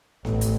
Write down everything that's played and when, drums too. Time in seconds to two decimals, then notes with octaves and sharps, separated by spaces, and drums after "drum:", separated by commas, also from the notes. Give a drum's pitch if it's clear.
0.25 A1, drum: snare B3
0.41 drum: kick, hi-hat